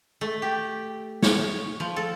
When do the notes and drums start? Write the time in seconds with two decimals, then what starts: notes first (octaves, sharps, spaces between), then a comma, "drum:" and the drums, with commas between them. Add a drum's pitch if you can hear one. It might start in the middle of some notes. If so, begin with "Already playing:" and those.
0.21 A3
0.42 G4
1.22 C#5, drum: snare
1.80 F3
1.96 A4